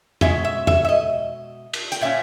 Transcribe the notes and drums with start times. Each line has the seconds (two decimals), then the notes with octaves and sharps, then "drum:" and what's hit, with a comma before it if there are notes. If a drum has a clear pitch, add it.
0.21 B2 G#3 C#4 E5, drum: tom E2
0.45 E5
0.67 E5, drum: tom E2
0.85 E5
0.89 D#5
1.73 drum: cymbal
1.92 G5, drum: hi-hat
2.01 A#2 A#3 C#4 E5